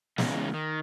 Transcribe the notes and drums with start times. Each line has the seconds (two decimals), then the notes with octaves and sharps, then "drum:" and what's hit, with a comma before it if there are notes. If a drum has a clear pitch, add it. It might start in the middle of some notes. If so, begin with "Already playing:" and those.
0.18 E2 C#3 G#3 D#4, drum: snare
0.54 D#3